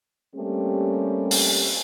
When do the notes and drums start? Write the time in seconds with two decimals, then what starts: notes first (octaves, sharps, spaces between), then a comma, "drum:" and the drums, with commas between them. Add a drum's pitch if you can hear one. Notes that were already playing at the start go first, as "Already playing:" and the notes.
0.36 G3 A3 A#3 C4 C#4 G4
1.31 drum: open hi-hat